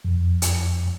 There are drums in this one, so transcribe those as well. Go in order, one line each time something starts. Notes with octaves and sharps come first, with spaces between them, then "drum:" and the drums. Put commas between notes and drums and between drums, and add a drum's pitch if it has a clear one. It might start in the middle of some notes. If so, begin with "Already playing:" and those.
F2
drum: hi-hat